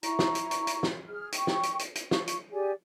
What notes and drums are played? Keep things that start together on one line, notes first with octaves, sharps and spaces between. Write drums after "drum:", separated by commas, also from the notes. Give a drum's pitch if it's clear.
E4 A#5 C#6, drum: hi-hat
drum: snare
drum: hi-hat
drum: hi-hat
drum: hi-hat
drum: snare
G#4 F6
G5 C#6, drum: hi-hat
drum: snare
drum: hi-hat
drum: hi-hat
drum: hi-hat
F4 C#6, drum: snare
drum: hi-hat
G4 G#4 D5 G#5